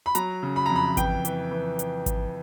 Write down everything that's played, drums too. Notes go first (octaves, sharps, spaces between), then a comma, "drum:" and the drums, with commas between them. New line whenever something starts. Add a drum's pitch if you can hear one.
B5
F#3 A#5, drum: hi-hat
C#3
B5
F2 A#5
B5
E3 G5, drum: kick G#1, hi-hat
E3, drum: hi-hat
E3
drum: hi-hat
drum: kick G#1, hi-hat